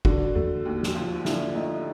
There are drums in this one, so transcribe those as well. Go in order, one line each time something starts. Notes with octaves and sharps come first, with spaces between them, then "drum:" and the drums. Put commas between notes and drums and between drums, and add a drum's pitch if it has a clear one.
D3 F#4, drum: kick
A3, drum: tom E2
D#2
drum: snare
F3 F4
D3 E4, drum: snare
A3 D#4